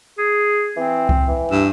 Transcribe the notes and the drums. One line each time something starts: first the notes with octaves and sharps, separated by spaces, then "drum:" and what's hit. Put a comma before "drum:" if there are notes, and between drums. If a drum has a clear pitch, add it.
G#4
E3 C4
drum: kick C2
E3
G2 E6